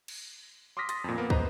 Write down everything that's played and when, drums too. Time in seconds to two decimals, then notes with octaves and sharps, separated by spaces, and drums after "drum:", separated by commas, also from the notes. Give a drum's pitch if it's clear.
0.08 drum: cymbal
0.77 C6 D6 D#6 F6 A#6 B6
0.89 C6 D#6 A6 A#6, drum: hi-hat
1.04 F2 A#2
1.18 A#3 B3
1.30 B4 C5 D#5 A#5, drum: kick